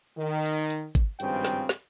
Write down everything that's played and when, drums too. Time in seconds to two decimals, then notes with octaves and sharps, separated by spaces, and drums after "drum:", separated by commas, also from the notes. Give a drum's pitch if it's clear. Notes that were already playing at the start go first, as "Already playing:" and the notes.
0.17 D#3
0.45 drum: hi-hat
0.70 drum: hi-hat
0.95 drum: kick, hi-hat
1.20 G#1 G2 C#3 F3 C4 G5, drum: hi-hat
1.45 drum: snare
1.69 drum: snare